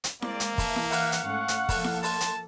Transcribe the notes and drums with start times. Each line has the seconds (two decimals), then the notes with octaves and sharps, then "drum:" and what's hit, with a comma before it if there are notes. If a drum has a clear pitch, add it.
0.04 drum: hi-hat
0.22 G#3 A#3 C4 D5, drum: snare E4
0.40 drum: hi-hat
0.58 E3 E5 A5, drum: kick, open hi-hat
0.76 drum: snare E4
0.91 F5 F#5 F6, drum: open hi-hat
1.12 drum: hi-hat
1.25 G#2 A3 C#4 C#6
1.48 drum: hi-hat
1.69 F3 A#3 A4, drum: kick, open hi-hat
1.84 drum: snare E4
2.03 A5 C6, drum: open hi-hat
2.20 drum: hi-hat